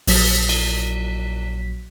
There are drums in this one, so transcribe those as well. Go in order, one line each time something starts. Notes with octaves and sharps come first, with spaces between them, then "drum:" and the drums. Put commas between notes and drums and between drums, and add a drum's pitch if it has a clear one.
A#1 F#3 B6, drum: open hi-hat
drum: cymbal